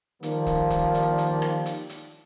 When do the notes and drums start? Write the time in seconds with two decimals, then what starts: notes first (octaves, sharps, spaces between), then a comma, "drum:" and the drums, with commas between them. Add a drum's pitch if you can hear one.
0.23 D#3 F3 G3 A#3, drum: hi-hat
0.47 drum: kick, hi-hat
0.70 drum: kick, hi-hat
0.94 drum: hi-hat
1.18 drum: hi-hat
1.42 drum: rim click
1.66 drum: hi-hat
1.89 drum: hi-hat